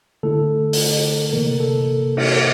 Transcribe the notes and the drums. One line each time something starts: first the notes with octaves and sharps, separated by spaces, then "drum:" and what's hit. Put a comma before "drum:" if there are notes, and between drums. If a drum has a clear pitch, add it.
D3 A3 E4 A4
drum: open hi-hat
C3 E3 A#3 A#4
A4
drum: cymbal